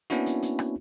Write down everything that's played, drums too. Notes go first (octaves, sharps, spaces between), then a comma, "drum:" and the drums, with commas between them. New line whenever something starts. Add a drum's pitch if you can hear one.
A#3 B3 C#4 D4 E4 F#4, drum: hi-hat
drum: hi-hat
drum: hi-hat
drum: rim click